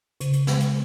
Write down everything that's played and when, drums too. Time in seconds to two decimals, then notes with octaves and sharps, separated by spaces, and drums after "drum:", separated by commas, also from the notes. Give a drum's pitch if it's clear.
0.21 C#3, drum: hi-hat
0.33 drum: hi-hat
0.47 G#3, drum: snare
0.60 drum: hi-hat